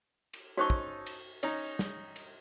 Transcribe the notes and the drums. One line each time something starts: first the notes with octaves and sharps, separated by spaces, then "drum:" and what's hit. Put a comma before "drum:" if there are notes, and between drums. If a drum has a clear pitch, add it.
drum: cymbal
C#4 D#4 F#4 A4 C5 C#6
drum: kick
drum: cymbal
C#4 D#4 A#5, drum: cymbal
drum: snare
drum: cymbal